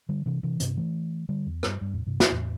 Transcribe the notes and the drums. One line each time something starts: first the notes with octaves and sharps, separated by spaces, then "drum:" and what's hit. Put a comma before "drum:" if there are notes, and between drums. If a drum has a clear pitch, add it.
D3 G3
C3 E3
C3 E3
G2 C3, drum: hi-hat
E3 A3
D3 G3
E2
G2, drum: rim click
G2
E2 A2
G2 C3
drum: snare
E2 A2